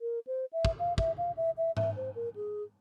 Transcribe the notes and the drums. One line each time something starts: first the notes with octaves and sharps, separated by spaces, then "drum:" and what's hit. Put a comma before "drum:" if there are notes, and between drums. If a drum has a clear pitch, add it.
A#4
C5
E5
drum: kick
F5
E5, drum: kick
F5
E5
E5
E5, drum: tom G#2
C5
A#4
G#4